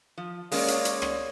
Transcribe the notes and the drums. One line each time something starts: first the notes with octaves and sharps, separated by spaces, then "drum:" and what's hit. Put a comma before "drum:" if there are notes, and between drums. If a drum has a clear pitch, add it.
F3
G#3 A#3 C#4 C#5 D5, drum: open hi-hat
drum: hi-hat
drum: hi-hat
drum: rim click